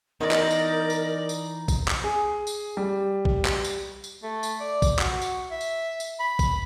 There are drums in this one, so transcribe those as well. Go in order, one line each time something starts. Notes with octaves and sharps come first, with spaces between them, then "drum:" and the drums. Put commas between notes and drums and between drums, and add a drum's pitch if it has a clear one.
E3 B3 D#4 A#4 D5
drum: clap
drum: tambourine
drum: tambourine
drum: tambourine
drum: kick, tambourine
drum: clap
G#4
drum: tambourine
G3
drum: kick
drum: clap
drum: tambourine
drum: tambourine
A3
drum: tambourine
D5
drum: kick, tambourine
F#4, drum: clap
drum: tambourine
E5
drum: tambourine
drum: tambourine
B5
drum: kick, tambourine